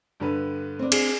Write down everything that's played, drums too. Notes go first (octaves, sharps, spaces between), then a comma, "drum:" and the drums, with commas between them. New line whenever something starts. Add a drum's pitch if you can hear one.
G2 D3 B4
C4 D4
G#4, drum: cymbal